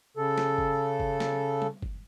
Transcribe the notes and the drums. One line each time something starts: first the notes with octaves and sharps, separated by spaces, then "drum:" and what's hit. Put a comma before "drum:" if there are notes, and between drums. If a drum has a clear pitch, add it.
C#3 A4
drum: snare
drum: kick F#1
drum: kick F#1
drum: snare
drum: tom G3
drum: kick F#1